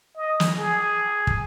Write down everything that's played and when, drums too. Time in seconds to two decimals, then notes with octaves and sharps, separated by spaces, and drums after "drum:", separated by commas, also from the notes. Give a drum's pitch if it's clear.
0.17 D#5
0.40 drum: snare
0.57 G#4
1.27 drum: kick